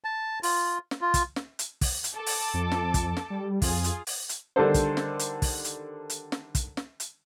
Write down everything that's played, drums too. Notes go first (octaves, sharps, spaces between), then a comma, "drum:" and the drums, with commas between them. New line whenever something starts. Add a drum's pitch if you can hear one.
A5
F4, drum: open hi-hat
drum: snare
F4
drum: kick, hi-hat
drum: snare
drum: hi-hat
drum: kick, open hi-hat
drum: hi-hat
A4 D6
drum: open hi-hat
F2
drum: snare
drum: kick, hi-hat
drum: snare
G3
F2 F4 G#4, drum: kick, open hi-hat
drum: hi-hat
drum: open hi-hat
drum: hi-hat
D3 D#3 G3 D4 A4 C5
drum: kick, hi-hat
drum: snare
drum: hi-hat
drum: kick, open hi-hat
drum: hi-hat
drum: hi-hat
drum: snare
drum: kick, hi-hat
drum: snare
drum: hi-hat